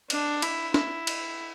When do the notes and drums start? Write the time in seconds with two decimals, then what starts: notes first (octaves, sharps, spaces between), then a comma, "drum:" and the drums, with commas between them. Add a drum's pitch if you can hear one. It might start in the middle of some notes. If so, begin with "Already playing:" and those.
0.10 D4, drum: cymbal
0.42 E4, drum: cymbal
0.74 E4, drum: snare D4
1.07 drum: cymbal